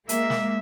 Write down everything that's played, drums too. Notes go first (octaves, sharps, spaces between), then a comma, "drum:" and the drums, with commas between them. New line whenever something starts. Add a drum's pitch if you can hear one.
G#3 A#3 E5, drum: hi-hat
drum: snare